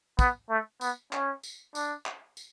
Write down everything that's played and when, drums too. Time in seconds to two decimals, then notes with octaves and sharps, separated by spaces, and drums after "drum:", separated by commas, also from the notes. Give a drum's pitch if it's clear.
0.19 B3, drum: kick, tambourine
0.49 A3
0.81 B3, drum: tambourine
1.13 C#4, drum: clap
1.43 drum: tambourine
1.75 D4, drum: tambourine
2.06 drum: clap
2.37 drum: tambourine